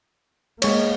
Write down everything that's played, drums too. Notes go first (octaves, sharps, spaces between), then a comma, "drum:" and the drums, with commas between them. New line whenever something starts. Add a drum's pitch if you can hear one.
G#3 A#3 C#5, drum: cymbal